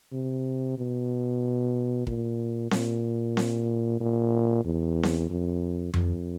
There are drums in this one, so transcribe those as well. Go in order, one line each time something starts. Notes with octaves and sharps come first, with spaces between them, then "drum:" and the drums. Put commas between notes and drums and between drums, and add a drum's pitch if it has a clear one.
C3
B2
A#2, drum: kick
A#2, drum: snare C4
drum: snare C4
A#2
E2
drum: snare C4
F2
F2, drum: tom F2